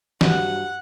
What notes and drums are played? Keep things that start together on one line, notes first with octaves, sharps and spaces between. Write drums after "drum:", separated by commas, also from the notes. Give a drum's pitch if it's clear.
G2 F#3 F#5, drum: snare